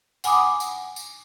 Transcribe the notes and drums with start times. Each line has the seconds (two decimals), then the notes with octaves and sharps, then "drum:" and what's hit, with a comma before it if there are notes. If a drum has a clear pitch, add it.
0.24 F#5 G#5 B5 D6 D#6, drum: tambourine
0.60 drum: tambourine
0.96 drum: tambourine